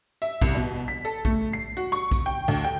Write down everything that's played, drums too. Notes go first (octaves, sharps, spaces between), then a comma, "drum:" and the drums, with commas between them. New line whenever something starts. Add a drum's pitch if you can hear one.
E5, drum: tambourine
C2, drum: kick A#1, tambourine
B2
B6
A4, drum: tambourine
A3, drum: kick A#1
C7
F#4
C#6, drum: tambourine
drum: kick A#1, tambourine
G5
D2
G5